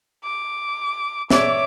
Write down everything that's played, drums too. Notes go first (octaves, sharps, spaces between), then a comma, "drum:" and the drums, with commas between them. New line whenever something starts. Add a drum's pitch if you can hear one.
D6
C#5 D5 E5 D6, drum: snare